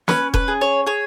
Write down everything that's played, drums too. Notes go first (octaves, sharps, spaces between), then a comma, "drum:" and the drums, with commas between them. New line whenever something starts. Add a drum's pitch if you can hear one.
C#4 B4, drum: snare
B4, drum: kick E1
G#4
C#5
G#4 C#5